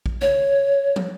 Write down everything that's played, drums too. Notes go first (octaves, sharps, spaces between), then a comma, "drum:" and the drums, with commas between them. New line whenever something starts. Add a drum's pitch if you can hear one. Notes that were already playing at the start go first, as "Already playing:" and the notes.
drum: kick
C#5, drum: tom
drum: tom